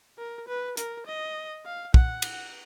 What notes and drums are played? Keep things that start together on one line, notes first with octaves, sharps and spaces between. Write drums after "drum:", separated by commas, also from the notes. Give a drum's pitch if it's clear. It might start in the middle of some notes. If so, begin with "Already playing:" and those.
A#4
B4
A#4, drum: hi-hat
D#5
F5
F#5, drum: kick
drum: cymbal